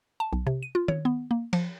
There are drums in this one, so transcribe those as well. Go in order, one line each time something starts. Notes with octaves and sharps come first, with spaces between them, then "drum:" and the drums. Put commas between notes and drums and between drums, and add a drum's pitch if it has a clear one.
A5
B1
C3
D#7
F4
C#5, drum: tom D#3
B3
A#3
F3, drum: cymbal